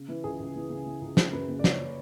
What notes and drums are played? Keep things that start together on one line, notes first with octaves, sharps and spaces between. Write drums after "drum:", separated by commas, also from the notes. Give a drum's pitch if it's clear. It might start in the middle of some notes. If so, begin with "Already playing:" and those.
Already playing: C#3
E3
C#2 G#4
C#2
E3
C#3
E3
C#2
C#3 G#4, drum: snare
F#2 B4
F#1
D5
F#1 C#5, drum: snare